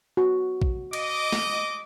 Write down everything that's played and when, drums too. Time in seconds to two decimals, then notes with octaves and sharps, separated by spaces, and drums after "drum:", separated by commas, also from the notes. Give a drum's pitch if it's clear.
0.17 F#4
0.62 drum: kick
0.93 D#5 D6, drum: cymbal
1.32 drum: snare